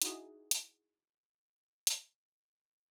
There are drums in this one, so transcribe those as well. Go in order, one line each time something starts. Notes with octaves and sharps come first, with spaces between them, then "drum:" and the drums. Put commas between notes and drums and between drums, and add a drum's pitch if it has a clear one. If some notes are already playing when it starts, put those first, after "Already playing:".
D#4 E4 F#4 G#4, drum: hi-hat
drum: hi-hat
drum: hi-hat